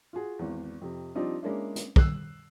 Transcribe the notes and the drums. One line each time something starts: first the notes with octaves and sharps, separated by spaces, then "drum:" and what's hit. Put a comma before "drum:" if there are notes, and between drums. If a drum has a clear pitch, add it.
F4 F#4 G#4
G#1 E2
F2 C3
F3 G3 C4 D4 D#4 F4
G#3 A#3 C#4 D4 E4
drum: hi-hat
E6 F#6 C7, drum: kick